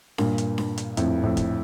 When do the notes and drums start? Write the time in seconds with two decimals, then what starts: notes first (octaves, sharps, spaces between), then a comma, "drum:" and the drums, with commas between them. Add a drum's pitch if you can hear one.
0.18 G2 A#2, drum: snare D4
0.38 drum: hi-hat
0.58 drum: snare D4
0.78 drum: hi-hat
0.97 F2 A2, drum: hi-hat
1.23 F2 A2
1.37 drum: kick, hi-hat